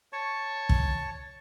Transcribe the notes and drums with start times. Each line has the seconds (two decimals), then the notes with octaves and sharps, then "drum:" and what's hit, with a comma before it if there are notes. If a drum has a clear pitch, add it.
0.13 C#5 A5 C#6
0.69 drum: kick